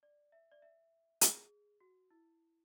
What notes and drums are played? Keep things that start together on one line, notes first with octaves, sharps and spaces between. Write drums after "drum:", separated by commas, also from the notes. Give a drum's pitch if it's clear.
D5
E5
D5
E5
G#4, drum: hi-hat
F#4
E4